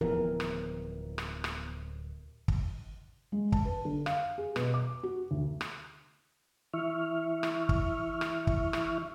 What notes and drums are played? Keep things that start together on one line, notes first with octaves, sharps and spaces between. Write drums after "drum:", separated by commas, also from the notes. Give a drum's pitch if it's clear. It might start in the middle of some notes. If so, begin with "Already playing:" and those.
D1 C3 E3 F3 B3 A#4
drum: rim click
drum: rim click
drum: rim click
drum: kick
G#3
A5, drum: kick
B4
D3
F5, drum: rim click
G#4
B2, drum: rim click
D6
F#4
D2
drum: rim click
E3 E4 E5 C#6 F6
drum: rim click
drum: kick
drum: rim click
drum: kick
drum: rim click